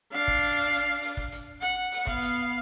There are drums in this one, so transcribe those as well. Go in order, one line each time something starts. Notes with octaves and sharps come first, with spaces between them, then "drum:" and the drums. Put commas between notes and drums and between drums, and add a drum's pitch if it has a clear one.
D4 F5
drum: kick
drum: hi-hat
drum: hi-hat
drum: open hi-hat
drum: kick
drum: hi-hat
F#5, drum: hi-hat
drum: open hi-hat
B3 F5, drum: kick
drum: hi-hat